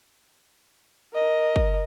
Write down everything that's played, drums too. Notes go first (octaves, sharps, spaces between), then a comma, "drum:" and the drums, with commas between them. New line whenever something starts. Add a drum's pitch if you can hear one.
A#4 D#5
drum: kick